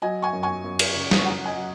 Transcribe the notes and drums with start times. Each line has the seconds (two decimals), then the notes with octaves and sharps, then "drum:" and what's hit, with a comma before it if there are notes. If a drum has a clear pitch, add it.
0.02 F#3 D#5 G#5
0.22 G#5 C#6
0.33 F#2
0.43 G#5 C#6
0.64 F#2
0.79 drum: cymbal
0.95 C#3
1.11 D#6, drum: snare
1.18 C#6
1.25 F#3 F#5 A#5
1.46 D#5 G#5
1.57 F#3